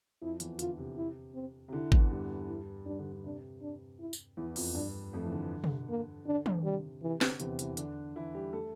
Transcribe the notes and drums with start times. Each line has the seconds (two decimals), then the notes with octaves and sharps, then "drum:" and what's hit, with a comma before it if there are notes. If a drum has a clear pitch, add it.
0.22 F2 F3 E4
0.40 E2 E3, drum: hi-hat
0.59 D3 F4, drum: hi-hat
0.78 C3
0.97 E4
1.35 C4
1.68 C3
1.73 D3 E4
1.92 E2 E3, drum: kick G#1
2.10 G2 G3
2.48 E4
2.86 G2 G3 D4
2.99 D3
3.12 D3
3.24 C3 D4
3.62 D4
4.00 E4
4.13 drum: tambourine
4.37 E2 E3 E4
4.56 F2 F3, drum: open hi-hat
4.75 G2 G3 D4
5.13 F2 F3 A3
5.24 E3
5.32 D3
5.64 drum: tom
5.89 A#3
6.26 D3 D4
6.46 D3, drum: tom
6.64 C3 G3
6.83 D3
7.02 C3 E3
7.21 D3, drum: snare
7.40 E2 C3 E3, drum: hi-hat
7.59 E2 E3, drum: hi-hat
7.77 D3 D4, drum: hi-hat
8.16 E3 E4
8.34 G3 G4
8.53 A3 A4